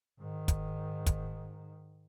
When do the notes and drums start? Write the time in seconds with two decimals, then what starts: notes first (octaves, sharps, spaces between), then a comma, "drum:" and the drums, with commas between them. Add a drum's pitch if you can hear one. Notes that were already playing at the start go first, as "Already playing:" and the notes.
0.19 G#2 D#3
0.48 drum: kick, hi-hat
1.06 drum: kick, hi-hat